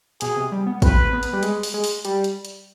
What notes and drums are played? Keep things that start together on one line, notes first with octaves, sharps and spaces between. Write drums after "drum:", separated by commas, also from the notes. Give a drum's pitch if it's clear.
B2 G#4, drum: hi-hat
C3
G3
B3
C4 B4, drum: kick, hi-hat
B3
drum: hi-hat
G3
G#3, drum: hi-hat
drum: open hi-hat
G#3
drum: open hi-hat
G3, drum: hi-hat
drum: hi-hat
drum: hi-hat